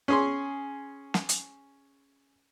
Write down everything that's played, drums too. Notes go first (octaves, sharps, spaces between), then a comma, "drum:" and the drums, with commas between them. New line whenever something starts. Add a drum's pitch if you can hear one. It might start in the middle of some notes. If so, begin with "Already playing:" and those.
C#4 G#4 C6
drum: snare
drum: hi-hat